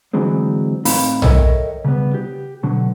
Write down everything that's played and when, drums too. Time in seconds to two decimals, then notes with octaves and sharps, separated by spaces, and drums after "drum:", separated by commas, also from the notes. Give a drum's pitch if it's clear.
0.13 D3 E3 F#3 G#3 C4
0.85 A2 C4 D#4 F5 B5, drum: open hi-hat
1.22 A4 A#4 C#5 D#5 E5 G5, drum: tom B1
1.85 C#3 G3 B3
2.14 G4
2.63 B2 D3 F#3